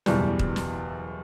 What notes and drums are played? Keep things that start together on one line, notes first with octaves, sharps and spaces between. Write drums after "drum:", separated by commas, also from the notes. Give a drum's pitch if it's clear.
F#1 E2 B2 G3, drum: snare
drum: kick
drum: snare